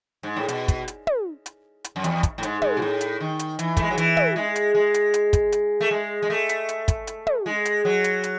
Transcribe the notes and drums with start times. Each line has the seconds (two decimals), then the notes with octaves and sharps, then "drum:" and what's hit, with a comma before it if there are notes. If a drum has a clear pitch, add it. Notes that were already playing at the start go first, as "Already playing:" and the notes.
0.23 G#2
0.36 A2
0.48 B2, drum: hi-hat
0.68 drum: kick, hi-hat
0.88 drum: hi-hat
1.07 drum: tom
1.46 drum: hi-hat
1.84 drum: hi-hat
1.96 F#2
2.04 E2, drum: hi-hat
2.23 drum: kick, hi-hat
2.38 A2
2.43 G#2, drum: hi-hat
2.62 G#2, drum: tom
2.77 B2
2.82 A2
3.01 drum: hi-hat
3.20 D#3
3.39 drum: hi-hat
3.59 E3, drum: hi-hat
3.77 A3, drum: kick, hi-hat
3.83 G#3
3.91 F#3
3.97 E3, drum: hi-hat
4.17 drum: tom
4.36 G#3
4.56 drum: hi-hat
4.75 G#3
4.94 drum: hi-hat
5.14 drum: hi-hat
5.33 drum: kick, hi-hat
5.52 drum: hi-hat
5.81 A3
5.91 G#3
6.22 G#3
6.30 A3
6.49 drum: hi-hat
6.69 drum: hi-hat
6.88 drum: kick, hi-hat
7.07 drum: hi-hat
7.27 drum: tom
7.46 G#3
7.65 drum: hi-hat
7.85 F#3
8.04 drum: hi-hat
8.23 drum: hi-hat